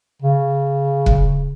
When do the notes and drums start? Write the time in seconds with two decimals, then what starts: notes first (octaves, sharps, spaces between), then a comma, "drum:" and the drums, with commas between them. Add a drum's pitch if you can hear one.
0.22 C#3
1.06 drum: kick